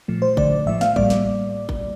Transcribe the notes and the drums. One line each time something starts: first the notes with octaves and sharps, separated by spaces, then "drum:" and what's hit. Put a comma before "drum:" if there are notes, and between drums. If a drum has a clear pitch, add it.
A#2 F3 A3
C5
D3 A3 D5, drum: kick G#1
A2 F3 A3 E5
F5, drum: snare
A2 G3 A#3 D5, drum: kick G#1
drum: snare
drum: kick G#1